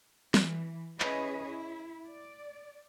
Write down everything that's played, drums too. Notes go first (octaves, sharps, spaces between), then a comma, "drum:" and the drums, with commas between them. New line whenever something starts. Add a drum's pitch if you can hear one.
E3, drum: snare
C#4 E4 G#4 B4 C#5 D#5, drum: clap
E4
D5